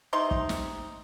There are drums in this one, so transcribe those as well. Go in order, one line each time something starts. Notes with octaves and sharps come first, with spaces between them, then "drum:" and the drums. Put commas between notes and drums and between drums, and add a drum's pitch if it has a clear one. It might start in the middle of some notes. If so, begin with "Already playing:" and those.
C3 D#4 C6
drum: kick
drum: snare